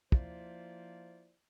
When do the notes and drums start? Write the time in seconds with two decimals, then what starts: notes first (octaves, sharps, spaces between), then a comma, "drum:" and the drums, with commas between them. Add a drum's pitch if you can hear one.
0.12 F3 A#3 E4 F4 C5 D5, drum: kick